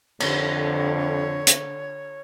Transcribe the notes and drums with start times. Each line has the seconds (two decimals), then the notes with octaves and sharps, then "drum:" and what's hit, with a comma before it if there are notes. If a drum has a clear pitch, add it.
0.20 F2 D3 C#5, drum: cymbal
1.47 drum: hi-hat